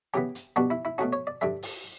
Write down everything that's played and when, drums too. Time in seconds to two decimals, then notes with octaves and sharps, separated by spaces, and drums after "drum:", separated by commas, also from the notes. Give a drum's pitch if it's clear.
0.14 C#3 E3 B3 G4
0.35 drum: hi-hat
0.56 B2 G3 B3 D4 F#4
0.70 E4
0.85 E4
0.98 B2 A3 C#4 F#4
1.13 C#5
1.27 D5
1.41 G2 D3 G3 E5
1.63 drum: open hi-hat